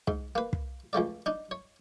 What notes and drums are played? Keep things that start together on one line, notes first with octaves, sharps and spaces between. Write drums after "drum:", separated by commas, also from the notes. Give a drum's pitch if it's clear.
G#2, drum: kick
A#3 B4
drum: kick
C#2 F3 A3 D5
D4 D#4
C#5